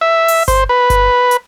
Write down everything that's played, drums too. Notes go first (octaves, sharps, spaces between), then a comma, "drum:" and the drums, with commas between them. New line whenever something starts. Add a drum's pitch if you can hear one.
E5
drum: open hi-hat
C5, drum: kick G1, hi-hat
B4
drum: kick G1, hi-hat
drum: hi-hat